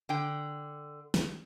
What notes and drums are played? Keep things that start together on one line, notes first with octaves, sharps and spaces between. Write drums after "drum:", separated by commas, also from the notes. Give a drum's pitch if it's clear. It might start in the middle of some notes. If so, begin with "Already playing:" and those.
D3 G5
drum: snare